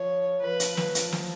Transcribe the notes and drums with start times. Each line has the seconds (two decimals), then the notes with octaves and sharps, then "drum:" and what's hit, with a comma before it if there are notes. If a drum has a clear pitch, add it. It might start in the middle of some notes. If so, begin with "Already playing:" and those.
Already playing: F3 C#5
0.42 F3 B4
0.60 drum: hi-hat
0.77 drum: snare
0.95 F3, drum: hi-hat
1.12 drum: snare